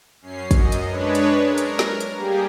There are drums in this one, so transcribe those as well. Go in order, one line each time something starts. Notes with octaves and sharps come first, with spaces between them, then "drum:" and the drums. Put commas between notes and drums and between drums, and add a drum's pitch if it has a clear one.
F#2 C#4 C7
F#2 D#5, drum: kick, hi-hat
drum: hi-hat
G#3 D4 B4 C#5
drum: hi-hat
A#4
drum: hi-hat
drum: snare
drum: hi-hat
G3 A#3 G4 G#4